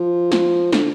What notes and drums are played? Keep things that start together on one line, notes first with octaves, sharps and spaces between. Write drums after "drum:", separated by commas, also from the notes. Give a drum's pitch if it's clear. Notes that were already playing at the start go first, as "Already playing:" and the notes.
Already playing: F3
drum: snare
D3, drum: snare